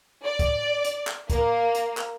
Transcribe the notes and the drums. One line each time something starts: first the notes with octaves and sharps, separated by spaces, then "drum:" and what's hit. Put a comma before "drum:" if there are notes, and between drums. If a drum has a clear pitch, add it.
D5
drum: kick, hi-hat
drum: hi-hat
drum: clap
A#3, drum: kick, hi-hat
drum: hi-hat
drum: clap